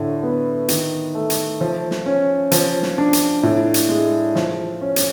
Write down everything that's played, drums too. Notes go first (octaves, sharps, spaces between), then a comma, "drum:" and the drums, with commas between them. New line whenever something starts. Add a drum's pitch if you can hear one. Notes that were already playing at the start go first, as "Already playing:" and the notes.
Already playing: A2 D3 A3
B3
D#3, drum: hi-hat
A3
drum: hi-hat
F3
drum: snare
C#4
F3, drum: hi-hat
drum: snare
D4
drum: hi-hat
A2
drum: hi-hat
G#3
F3, drum: snare
C#4
drum: hi-hat